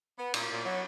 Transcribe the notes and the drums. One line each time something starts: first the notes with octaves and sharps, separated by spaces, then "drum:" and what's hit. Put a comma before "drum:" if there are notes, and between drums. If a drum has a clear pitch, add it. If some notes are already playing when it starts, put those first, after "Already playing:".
B3
A#2, drum: cymbal
A#2
F#3